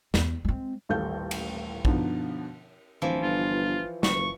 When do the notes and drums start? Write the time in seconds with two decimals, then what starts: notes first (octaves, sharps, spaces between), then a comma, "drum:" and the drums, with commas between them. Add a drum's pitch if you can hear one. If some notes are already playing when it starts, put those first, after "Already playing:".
0.14 E2, drum: snare
0.45 G#3 C4
0.89 D#1 A1 A4 F5 G6
1.31 drum: cymbal
1.85 B2 D3 F3 D#4, drum: kick
3.02 D1 E3 F3
3.22 G1 F4
4.03 F#1 C#6, drum: snare